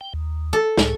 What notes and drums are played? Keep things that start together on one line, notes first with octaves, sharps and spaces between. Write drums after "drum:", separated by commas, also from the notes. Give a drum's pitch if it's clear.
G5
D#2
A4
C#2 A2 G#4, drum: snare